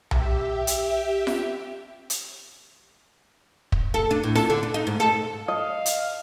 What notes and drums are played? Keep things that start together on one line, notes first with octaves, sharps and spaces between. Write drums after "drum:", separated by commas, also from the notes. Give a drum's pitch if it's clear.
G4 E5, drum: tom B1
drum: hi-hat
drum: snare F4
drum: hi-hat
drum: kick
A4
D4
A2
A4, drum: snare F4
D3
D4
D#4
G#2
A4
D#5 F5
drum: hi-hat